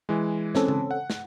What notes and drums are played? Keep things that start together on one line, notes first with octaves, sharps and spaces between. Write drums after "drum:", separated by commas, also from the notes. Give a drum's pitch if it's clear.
E3 G#3
C4 C#4 A4, drum: snare
drum: tom C#3
F#5
drum: snare